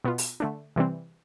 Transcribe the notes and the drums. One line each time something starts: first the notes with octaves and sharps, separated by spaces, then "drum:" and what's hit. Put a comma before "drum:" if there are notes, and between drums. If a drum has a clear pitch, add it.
B2 B3 F4
drum: open hi-hat
D3 A3 D4
C3 E3 G3 C4